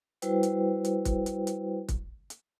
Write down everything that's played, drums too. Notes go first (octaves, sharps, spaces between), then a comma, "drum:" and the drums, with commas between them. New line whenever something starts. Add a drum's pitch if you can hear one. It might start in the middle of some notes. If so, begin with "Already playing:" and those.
G3 E4 F#4 B4 C5 G5, drum: hi-hat
drum: hi-hat
drum: hi-hat
drum: kick, hi-hat
drum: hi-hat
drum: hi-hat
drum: kick, hi-hat
drum: hi-hat